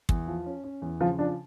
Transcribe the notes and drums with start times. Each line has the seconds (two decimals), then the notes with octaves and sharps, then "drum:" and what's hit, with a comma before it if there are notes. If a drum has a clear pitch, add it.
0.09 E2, drum: kick
0.27 F3
0.46 C#4
0.64 C#4
0.82 E2
1.00 C#3 F3 F4
1.19 F3 D4